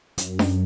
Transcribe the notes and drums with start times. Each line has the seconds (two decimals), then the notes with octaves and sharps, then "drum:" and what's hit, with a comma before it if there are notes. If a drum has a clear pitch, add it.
0.18 F#2, drum: hi-hat
0.39 drum: snare D4